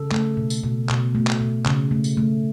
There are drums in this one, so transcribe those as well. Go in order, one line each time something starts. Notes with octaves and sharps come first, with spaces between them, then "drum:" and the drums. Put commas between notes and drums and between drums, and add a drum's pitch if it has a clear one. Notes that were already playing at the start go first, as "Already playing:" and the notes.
Already playing: C#3 A4
A3, drum: clap
B2
drum: tambourine
B2
B2, drum: clap
A3
drum: clap
B2
C#3, drum: clap
A3
drum: tambourine
A3